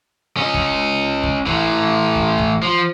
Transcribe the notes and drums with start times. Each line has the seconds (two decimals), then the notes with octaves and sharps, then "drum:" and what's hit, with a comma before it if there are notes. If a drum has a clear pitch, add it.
0.37 C#4 D#5
0.54 drum: kick
1.23 drum: kick
1.46 A2 E3, drum: kick
2.15 drum: kick
2.39 drum: kick
2.62 F3